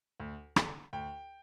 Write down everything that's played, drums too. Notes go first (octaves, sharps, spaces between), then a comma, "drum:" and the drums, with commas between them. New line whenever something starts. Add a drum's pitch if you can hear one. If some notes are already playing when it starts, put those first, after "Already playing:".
D2
D3, drum: rim click
D2 G5